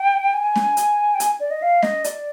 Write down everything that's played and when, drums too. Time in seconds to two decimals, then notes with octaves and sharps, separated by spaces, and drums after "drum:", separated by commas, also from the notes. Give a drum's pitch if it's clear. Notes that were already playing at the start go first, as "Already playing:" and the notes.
Already playing: G5
0.34 G#5
0.56 drum: snare
0.77 drum: hi-hat
1.15 G5
1.20 G#5, drum: hi-hat
1.40 D5
1.51 D#5
1.62 F5
1.83 D#5, drum: snare
2.04 D5, drum: hi-hat